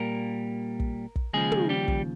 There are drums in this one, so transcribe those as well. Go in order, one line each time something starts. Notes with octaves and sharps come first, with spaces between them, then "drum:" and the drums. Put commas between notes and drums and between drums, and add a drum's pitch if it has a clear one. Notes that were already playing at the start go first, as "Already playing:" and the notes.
Already playing: A#2 G3 A#3 A#4
drum: kick
drum: kick
D#2 C#3 F3 G#3 G#4
drum: tom
G3 G4
drum: kick